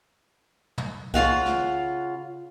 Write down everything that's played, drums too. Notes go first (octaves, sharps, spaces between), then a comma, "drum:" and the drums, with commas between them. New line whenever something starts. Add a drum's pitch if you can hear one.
drum: tom
C#3 F4 F5 F#5, drum: kick C2
drum: snare